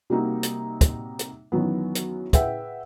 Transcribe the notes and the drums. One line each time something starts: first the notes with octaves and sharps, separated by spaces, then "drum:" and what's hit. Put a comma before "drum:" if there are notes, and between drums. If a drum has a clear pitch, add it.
C3 G3 A#3 C4 D#4 F#4
drum: hi-hat
drum: kick, hi-hat
drum: hi-hat
F#2 D#3 E3 F#3 B3
drum: hi-hat
G#4 B4 E5 F#5 G5, drum: kick, hi-hat